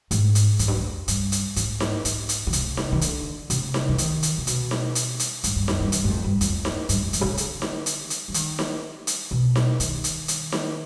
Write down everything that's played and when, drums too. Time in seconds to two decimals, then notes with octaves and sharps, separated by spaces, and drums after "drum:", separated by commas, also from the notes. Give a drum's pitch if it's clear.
0.11 G#2, drum: hi-hat
0.35 drum: hi-hat
0.59 F2, drum: hi-hat
0.68 G2
0.77 F2
1.08 G2, drum: hi-hat
1.32 drum: hi-hat
1.56 G#2, drum: hi-hat
1.80 drum: snare D#4
2.05 G#2, drum: hi-hat
2.29 drum: hi-hat
2.47 D3
2.53 C3, drum: hi-hat
2.77 drum: snare D#4
2.92 D#3
3.01 D3, drum: hi-hat
3.50 C3, drum: hi-hat
3.74 drum: snare D#4
3.89 F3
3.98 D#3, drum: hi-hat
4.23 drum: hi-hat
4.38 C3
4.47 B2, drum: hi-hat
4.71 drum: snare D#4
4.95 drum: hi-hat
5.19 drum: hi-hat
5.44 G#2, drum: hi-hat
5.56 G2
5.68 F2, drum: snare D#4
5.80 G2
5.92 G2, drum: hi-hat
6.05 G2
6.08 F2
6.24 G2
6.41 F2, drum: hi-hat
6.65 drum: snare D#4
6.89 G2, drum: hi-hat
7.01 F2
7.13 G2, drum: hi-hat
7.21 C3
7.25 D3
7.37 drum: hi-hat
7.62 drum: snare D#4
7.86 drum: hi-hat
8.10 drum: hi-hat
8.28 F3
8.34 D#3, drum: hi-hat
8.59 drum: snare D#4
9.07 drum: hi-hat
9.31 B2
9.55 drum: snare D#4
9.80 D#3, drum: hi-hat
10.04 drum: hi-hat
10.28 drum: hi-hat
10.52 drum: snare D#4